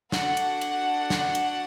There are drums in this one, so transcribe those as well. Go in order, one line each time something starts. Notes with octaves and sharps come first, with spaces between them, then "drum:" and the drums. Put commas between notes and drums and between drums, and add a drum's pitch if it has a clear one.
D4 F#4 A4 F#5, drum: snare
drum: cymbal
drum: cymbal
drum: snare
drum: cymbal